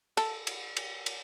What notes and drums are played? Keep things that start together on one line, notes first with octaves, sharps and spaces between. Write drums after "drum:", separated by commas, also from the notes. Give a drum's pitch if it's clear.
A4, drum: cymbal
drum: cymbal
drum: cymbal
drum: cymbal